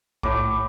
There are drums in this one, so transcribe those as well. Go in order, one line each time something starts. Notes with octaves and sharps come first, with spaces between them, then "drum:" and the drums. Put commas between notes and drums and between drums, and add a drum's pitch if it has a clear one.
A2 D6, drum: kick B1